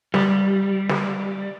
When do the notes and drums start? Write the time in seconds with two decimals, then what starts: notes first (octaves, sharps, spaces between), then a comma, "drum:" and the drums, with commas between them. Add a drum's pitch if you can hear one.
0.14 G3, drum: snare
0.89 drum: snare